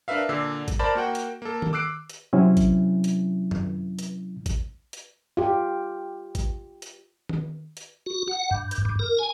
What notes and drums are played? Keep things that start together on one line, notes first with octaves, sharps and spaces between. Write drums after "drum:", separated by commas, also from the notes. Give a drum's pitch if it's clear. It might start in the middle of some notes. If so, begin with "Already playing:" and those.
D4 A#4 B4 E5 F5
A#2 D3 D6 E6 C7
drum: kick A1, hi-hat
A#4 C5 D5 A5 B5
A#3 F#4 F#5 G5
drum: hi-hat
A#3 A4
drum: tom D#3
D6 E6 F#6 C7 D7
drum: hi-hat
C3 F#3 C4 C#4 E4
drum: kick A1, hi-hat
drum: hi-hat
drum: tom F#2
drum: hi-hat
drum: kick A1, hi-hat
drum: hi-hat
F4 G4
drum: kick A1, hi-hat
drum: hi-hat
drum: tom D#3
drum: hi-hat
F#4
F#5
G2
drum: hi-hat
G2
A#4
G#5